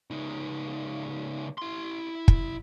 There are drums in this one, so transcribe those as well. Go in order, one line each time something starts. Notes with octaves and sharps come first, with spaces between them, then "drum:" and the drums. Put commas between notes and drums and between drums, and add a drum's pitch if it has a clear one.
C#2 D#4
E4 C6
drum: kick